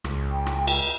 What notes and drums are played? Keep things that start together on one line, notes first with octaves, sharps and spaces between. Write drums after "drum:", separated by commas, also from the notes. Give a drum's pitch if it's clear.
C#2, drum: rim click
G5
drum: rim click
drum: cymbal